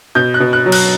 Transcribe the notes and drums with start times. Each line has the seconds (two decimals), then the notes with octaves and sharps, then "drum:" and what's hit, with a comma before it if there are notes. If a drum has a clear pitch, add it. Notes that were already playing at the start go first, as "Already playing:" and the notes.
0.15 B2 G6
0.34 F#6
0.40 B2
0.53 F#6
0.66 F#3
0.72 F#6, drum: cymbal